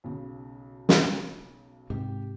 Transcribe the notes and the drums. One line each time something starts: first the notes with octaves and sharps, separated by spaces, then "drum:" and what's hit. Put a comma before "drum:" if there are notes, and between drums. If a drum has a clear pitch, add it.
B1 C#3
drum: snare
G#2 C3 G4